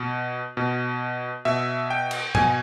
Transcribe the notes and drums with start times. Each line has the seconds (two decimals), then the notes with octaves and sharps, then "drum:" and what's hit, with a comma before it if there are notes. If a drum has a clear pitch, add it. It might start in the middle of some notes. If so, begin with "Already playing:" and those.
Already playing: B2
0.57 B2
1.45 B2 E5
1.90 G5
2.11 drum: cymbal
2.35 B2 G#5, drum: tom